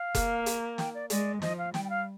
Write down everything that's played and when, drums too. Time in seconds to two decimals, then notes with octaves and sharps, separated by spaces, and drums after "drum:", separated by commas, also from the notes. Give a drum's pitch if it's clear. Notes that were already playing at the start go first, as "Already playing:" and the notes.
Already playing: F5
0.15 A#3, drum: kick F1, hi-hat
0.46 drum: hi-hat
0.78 G5, drum: snare
0.95 D5
1.10 G#3 D5, drum: hi-hat
1.42 F3 D#5, drum: snare
1.58 F5
1.74 G3 G5, drum: snare
1.85 G5
1.90 F5